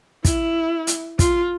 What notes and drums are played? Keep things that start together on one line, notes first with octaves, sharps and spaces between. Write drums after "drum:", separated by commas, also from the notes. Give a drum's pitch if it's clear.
E4, drum: kick, hi-hat
drum: hi-hat
F4, drum: kick, hi-hat